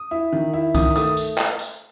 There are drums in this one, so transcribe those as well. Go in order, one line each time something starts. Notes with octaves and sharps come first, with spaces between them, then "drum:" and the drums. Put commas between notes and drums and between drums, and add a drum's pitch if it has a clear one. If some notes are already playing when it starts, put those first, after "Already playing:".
Already playing: D#6
E4
D#3
E4
D#3 D#6, drum: kick C2, tambourine
A3 D#6, drum: tambourine
drum: tambourine
drum: clap
drum: tambourine